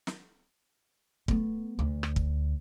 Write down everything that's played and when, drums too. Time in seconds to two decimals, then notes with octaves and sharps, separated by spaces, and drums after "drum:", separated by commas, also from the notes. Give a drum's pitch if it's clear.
0.07 drum: snare
1.28 A3 B3, drum: kick
1.79 D2
2.03 drum: rim click
2.16 drum: kick